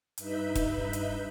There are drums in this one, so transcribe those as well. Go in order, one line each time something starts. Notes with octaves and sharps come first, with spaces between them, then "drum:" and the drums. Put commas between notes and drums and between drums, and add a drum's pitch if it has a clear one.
G2 D#4 B4 E5 B5 G6, drum: hi-hat
drum: kick, hi-hat
drum: hi-hat